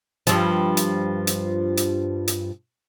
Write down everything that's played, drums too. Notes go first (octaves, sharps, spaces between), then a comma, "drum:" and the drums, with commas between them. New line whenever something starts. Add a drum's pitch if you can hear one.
G2 F3, drum: hi-hat
drum: hi-hat
drum: hi-hat
drum: hi-hat
drum: hi-hat